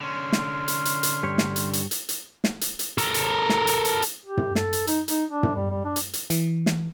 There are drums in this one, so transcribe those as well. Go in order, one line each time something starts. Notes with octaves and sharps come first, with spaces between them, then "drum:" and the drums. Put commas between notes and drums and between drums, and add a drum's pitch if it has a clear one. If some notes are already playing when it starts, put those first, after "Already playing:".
D3 C#4 C6 F6
drum: snare
drum: hi-hat
drum: hi-hat
drum: hi-hat
G2 G4 C#5
drum: snare
drum: hi-hat
drum: hi-hat
drum: hi-hat
drum: hi-hat
drum: snare
drum: hi-hat
drum: hi-hat
A4 A#4, drum: hi-hat
drum: hi-hat
drum: snare
drum: hi-hat
drum: hi-hat
drum: hi-hat
G4
drum: tom
A4, drum: snare
drum: hi-hat
D#4, drum: hi-hat
D#4, drum: hi-hat
D4
drum: tom
G3
G3
D4
drum: hi-hat
drum: hi-hat
E3, drum: hi-hat
drum: snare